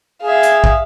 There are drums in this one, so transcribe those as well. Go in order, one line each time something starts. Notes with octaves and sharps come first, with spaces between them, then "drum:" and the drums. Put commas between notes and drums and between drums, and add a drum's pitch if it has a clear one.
G#4 E5 F5
drum: hi-hat
drum: kick